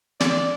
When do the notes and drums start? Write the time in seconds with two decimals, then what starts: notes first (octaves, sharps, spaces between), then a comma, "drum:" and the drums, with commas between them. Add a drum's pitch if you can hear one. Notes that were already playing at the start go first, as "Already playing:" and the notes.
0.20 D5, drum: snare